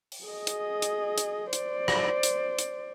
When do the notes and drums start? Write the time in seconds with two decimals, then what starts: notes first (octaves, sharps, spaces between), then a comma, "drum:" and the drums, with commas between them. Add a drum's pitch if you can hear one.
0.12 drum: open hi-hat
0.24 G#4 D#5
0.47 drum: hi-hat
0.82 drum: hi-hat
1.18 drum: hi-hat
1.53 C5 D5, drum: hi-hat
1.88 drum: rim click
2.23 drum: hi-hat
2.59 drum: hi-hat